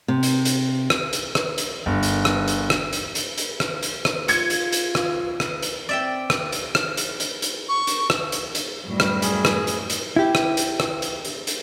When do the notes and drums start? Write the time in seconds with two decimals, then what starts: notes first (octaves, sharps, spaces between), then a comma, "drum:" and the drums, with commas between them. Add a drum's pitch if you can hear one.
0.08 C3
0.23 drum: hi-hat
0.45 drum: hi-hat
0.90 drum: rim click
1.13 drum: hi-hat
1.35 drum: rim click
1.58 drum: hi-hat
1.86 G1
2.03 drum: hi-hat
2.25 drum: rim click
2.48 drum: hi-hat
2.70 drum: rim click
2.93 drum: hi-hat
3.15 drum: hi-hat
3.38 drum: hi-hat
3.60 drum: rim click
3.83 drum: hi-hat
4.05 drum: rim click
4.28 F4 G#6 C#7, drum: hi-hat
4.50 drum: hi-hat
4.73 drum: hi-hat
4.95 drum: rim click
5.40 drum: rim click
5.62 drum: hi-hat
5.89 C4 D5 E5 G5
6.30 drum: rim click
6.52 drum: hi-hat
6.75 drum: rim click
6.97 drum: hi-hat
7.20 drum: hi-hat
7.42 drum: hi-hat
7.69 C#6
7.87 drum: hi-hat
8.10 drum: rim click
8.32 drum: hi-hat
8.55 drum: hi-hat
8.84 F#2 A2 G3
9.00 drum: rim click
9.22 G#4, drum: hi-hat
9.45 drum: rim click
9.67 drum: hi-hat
9.90 drum: hi-hat
10.16 E4 G4
10.35 drum: rim click
10.57 drum: hi-hat
10.80 drum: rim click
11.02 drum: hi-hat
11.25 drum: hi-hat
11.47 drum: hi-hat